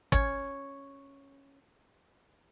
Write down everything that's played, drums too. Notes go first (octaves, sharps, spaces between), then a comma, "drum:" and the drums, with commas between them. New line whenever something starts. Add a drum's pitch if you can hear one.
C#4 C#5, drum: kick